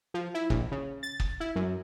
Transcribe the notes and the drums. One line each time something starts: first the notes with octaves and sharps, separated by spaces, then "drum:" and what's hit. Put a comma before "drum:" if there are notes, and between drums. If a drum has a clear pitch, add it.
F3
E4
A#1, drum: kick
C#3
A6
drum: kick
E4
F#2